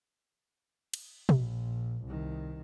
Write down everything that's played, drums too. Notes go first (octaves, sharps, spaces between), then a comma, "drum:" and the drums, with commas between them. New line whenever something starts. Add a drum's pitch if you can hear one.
drum: cymbal
A#1, drum: tom B2
C2 D#3